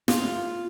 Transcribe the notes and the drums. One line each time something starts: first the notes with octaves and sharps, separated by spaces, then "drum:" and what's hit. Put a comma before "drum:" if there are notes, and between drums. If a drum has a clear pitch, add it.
F4, drum: snare